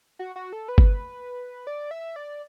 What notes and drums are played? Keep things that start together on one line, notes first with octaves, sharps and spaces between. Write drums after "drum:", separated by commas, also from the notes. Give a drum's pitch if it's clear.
F#4
F#4
A4
B4
drum: kick G1
D5
E5
D5